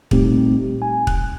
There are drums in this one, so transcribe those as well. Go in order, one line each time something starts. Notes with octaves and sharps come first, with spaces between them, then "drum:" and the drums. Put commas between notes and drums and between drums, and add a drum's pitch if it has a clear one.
A#2 G3 A3 C4 D#4 G4, drum: kick
G#5
F#6, drum: kick